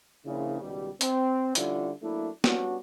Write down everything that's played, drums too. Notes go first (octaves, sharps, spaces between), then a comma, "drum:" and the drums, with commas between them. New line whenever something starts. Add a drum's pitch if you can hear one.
A#1 C#3 E4
C#2 B2 D#3 G3
C4, drum: hi-hat
D3 F3 G3 C#4 E4 F4, drum: hi-hat
F#3 A3 A#3 D4 E4
G3 B3 C#4 D4 F#4, drum: snare